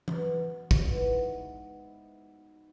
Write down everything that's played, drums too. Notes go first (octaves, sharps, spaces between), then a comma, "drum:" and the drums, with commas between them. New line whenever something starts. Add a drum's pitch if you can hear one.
B2, drum: tom E3
drum: kick
G#2 B3 E4